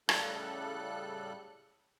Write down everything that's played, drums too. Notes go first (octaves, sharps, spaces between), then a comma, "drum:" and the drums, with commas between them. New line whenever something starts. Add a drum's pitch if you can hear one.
A2 C#3 G3 A4 F#6, drum: rim click